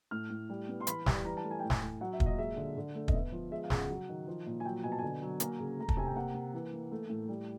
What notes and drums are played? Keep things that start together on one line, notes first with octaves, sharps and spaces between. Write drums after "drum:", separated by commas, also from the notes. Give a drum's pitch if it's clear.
A2 F6
A2
G3
B3
C6
E3 B5, drum: hi-hat
G3, drum: snare
E3 A#5
A5
A3
G#5
A2 G5
G#5, drum: snare
A2
F#3 F#5
E5
A#2, drum: kick
D#5
G#3 E5
D3
D3
A3
D#5, drum: kick
B3 E5
F3
G#3 E5
F5
C#3, drum: snare
F#5
F#3
D#3
F3
A#2
G#5
F#3 G5
B2 G#5
A5
D3 G#5
F#3
A#3 G#5, drum: hi-hat
C#3
A3 A#5
A5, drum: kick
C3 G#5
G5
A#3 F#5
A#3
E3
A#3
A3
A2
G3